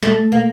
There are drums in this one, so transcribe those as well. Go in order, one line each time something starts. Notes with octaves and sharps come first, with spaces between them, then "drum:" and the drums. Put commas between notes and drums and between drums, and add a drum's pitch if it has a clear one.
A3, drum: snare
A#3